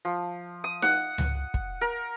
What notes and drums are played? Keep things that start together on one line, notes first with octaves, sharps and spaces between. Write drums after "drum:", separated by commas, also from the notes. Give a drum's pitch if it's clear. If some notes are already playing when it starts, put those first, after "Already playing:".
F3
D#6
F#5, drum: snare D#4
drum: tom C#2
drum: kick
A#4